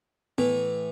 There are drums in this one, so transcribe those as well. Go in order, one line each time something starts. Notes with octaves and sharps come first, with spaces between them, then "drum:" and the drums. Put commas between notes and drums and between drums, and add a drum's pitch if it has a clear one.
A2 E3, drum: tom B3